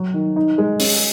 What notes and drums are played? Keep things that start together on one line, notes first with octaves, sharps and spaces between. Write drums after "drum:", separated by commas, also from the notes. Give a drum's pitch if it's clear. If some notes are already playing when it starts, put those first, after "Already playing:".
Already playing: F#3
D#3
D#4
G#3
C#4, drum: open hi-hat